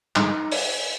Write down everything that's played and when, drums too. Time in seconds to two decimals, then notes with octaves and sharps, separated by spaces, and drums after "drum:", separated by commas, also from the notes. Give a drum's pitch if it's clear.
0.16 G2 D3 F3 G#3 D#4, drum: clap
0.52 drum: open hi-hat